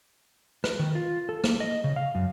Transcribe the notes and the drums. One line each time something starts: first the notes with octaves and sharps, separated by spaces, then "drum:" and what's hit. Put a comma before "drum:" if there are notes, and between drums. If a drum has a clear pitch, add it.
B4, drum: rim click
D#3
F4
A4
A#3, drum: rim click
D#5
C#3
F5
F#2